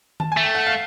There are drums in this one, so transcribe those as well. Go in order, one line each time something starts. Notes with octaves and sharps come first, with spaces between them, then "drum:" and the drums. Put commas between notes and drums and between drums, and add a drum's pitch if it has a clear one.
A5, drum: tom D#3
G#5
A3
G5
F#5
F5